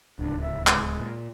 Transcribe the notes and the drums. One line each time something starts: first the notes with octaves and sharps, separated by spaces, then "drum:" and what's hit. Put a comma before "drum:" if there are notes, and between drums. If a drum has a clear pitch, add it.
D1 C#2 D4
E5
G#3, drum: clap
A#2